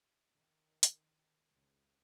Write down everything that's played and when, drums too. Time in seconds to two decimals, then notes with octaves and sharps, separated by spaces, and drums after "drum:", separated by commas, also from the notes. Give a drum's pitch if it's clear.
0.34 D#3
0.83 drum: hi-hat
1.52 C#2